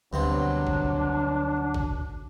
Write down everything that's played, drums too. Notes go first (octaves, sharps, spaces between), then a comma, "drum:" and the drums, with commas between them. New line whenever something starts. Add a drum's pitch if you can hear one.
D2 G2 B2 F#3 C4 D4
drum: kick A1
drum: kick A1